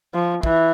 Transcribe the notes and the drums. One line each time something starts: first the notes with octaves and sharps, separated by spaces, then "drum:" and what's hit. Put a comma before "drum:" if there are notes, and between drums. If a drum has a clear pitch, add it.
F3
E3, drum: kick